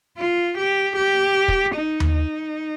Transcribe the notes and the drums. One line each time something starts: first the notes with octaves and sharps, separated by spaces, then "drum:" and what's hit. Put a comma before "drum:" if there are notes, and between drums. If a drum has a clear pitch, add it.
F4
G4
G4
drum: kick
D#4
drum: tom D#2
D#4